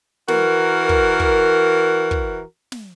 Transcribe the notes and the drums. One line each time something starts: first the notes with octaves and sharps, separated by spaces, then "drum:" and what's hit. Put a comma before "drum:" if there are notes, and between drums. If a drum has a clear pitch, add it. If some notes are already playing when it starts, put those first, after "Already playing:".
E3 F#4 A#4, drum: snare
drum: kick
drum: kick
drum: kick
drum: snare